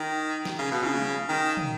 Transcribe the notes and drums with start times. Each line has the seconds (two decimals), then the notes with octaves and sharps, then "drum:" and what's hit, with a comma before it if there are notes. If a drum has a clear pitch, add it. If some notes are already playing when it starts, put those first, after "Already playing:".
Already playing: D#3
0.45 drum: snare
0.59 C#3
0.71 B2
0.83 C#3, drum: tom
1.29 D#3
1.57 drum: tom